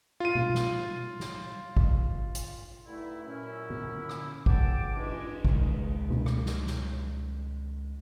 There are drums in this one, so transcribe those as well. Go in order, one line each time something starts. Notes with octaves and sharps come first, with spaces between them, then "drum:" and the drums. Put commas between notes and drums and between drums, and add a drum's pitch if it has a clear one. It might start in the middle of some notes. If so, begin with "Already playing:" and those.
F4 D#7
drum: tom B2
drum: snare
drum: snare
drum: kick
drum: hi-hat
G2 D3 A3 D#4 E4
F#2 A#2 C#4 E4
drum: tom
drum: rim click
C#2 F#5 G5 A5 D6, drum: kick
E3 G#3, drum: cymbal
C#2 D#3, drum: kick
drum: tom B2
drum: rim click
drum: snare
drum: snare